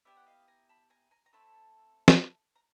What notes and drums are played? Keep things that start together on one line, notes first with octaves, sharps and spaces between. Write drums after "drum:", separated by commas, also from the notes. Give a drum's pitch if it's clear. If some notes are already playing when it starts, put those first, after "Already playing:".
B3 E4 G4 D5 E5
F#5
D#5 F5
G#5 A#5
A5 B5
G#5 A#5
G#5 A#5
A#5
A3 C4 E4 A4 A5 B5
drum: snare
A#5